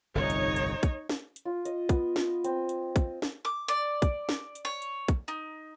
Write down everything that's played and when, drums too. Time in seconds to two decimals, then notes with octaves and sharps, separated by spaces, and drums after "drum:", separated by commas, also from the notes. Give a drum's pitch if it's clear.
0.15 G1 C2 F2 D#4 C#5
0.30 drum: hi-hat
0.56 drum: hi-hat
0.83 drum: kick, hi-hat
1.09 drum: snare
1.36 drum: hi-hat
1.45 F4
1.65 D#5, drum: hi-hat
1.89 B3, drum: kick, hi-hat
2.16 drum: snare
2.44 C4, drum: hi-hat
2.69 drum: hi-hat
2.96 drum: kick, hi-hat
3.22 drum: snare
3.45 D6
3.68 D5
4.02 drum: kick, hi-hat
4.29 drum: snare
4.55 drum: hi-hat
4.65 C#5
4.82 drum: hi-hat
5.08 drum: kick, hi-hat
5.28 D#4